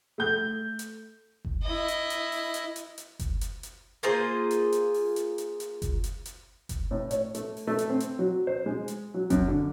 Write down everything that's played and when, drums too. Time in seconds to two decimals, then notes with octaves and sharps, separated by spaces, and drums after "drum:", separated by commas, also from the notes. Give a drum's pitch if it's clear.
0.18 A3 G6
0.79 drum: hi-hat
1.45 drum: kick F#1
1.63 E4 D#5
1.88 drum: hi-hat
2.10 drum: hi-hat
2.32 drum: open hi-hat
2.54 drum: hi-hat
2.76 drum: hi-hat
2.98 drum: hi-hat
3.19 drum: kick F#1, hi-hat
3.41 drum: hi-hat
3.63 drum: hi-hat
4.03 A#3 F4 G#4 C5
4.51 drum: hi-hat
4.72 drum: hi-hat
4.94 drum: open hi-hat
5.16 drum: hi-hat
5.38 drum: hi-hat
5.60 drum: hi-hat
5.82 drum: kick F#1, hi-hat
6.04 drum: hi-hat
6.25 drum: hi-hat
6.69 drum: kick F#1, hi-hat
6.91 A2
7.11 C#5, drum: hi-hat
7.35 A3, drum: hi-hat
7.57 drum: open hi-hat
7.67 A3
7.79 drum: hi-hat
7.89 C4
8.00 drum: hi-hat
8.19 F#3
8.47 C5
8.66 G#3
8.88 drum: hi-hat
9.14 F#3
9.30 F#2, drum: kick F#1, hi-hat
9.48 D3